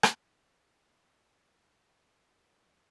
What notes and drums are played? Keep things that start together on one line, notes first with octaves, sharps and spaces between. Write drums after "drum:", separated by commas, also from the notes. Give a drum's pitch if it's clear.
drum: rim click
A#5
B3
A4
E3
B3
F#3
E5
E4